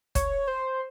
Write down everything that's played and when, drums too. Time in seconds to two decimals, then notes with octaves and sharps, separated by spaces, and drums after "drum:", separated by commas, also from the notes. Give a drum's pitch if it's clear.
0.15 C#5, drum: kick, hi-hat
0.47 C5